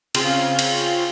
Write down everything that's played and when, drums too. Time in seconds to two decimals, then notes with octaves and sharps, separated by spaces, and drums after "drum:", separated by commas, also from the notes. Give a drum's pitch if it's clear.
0.15 C#3 C4 F4, drum: cymbal
0.59 drum: cymbal